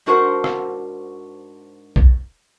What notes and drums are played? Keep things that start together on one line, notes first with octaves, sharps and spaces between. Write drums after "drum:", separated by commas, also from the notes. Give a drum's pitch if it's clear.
G#2 D4 F#4 A#4 C5 F#5
drum: rim click
drum: kick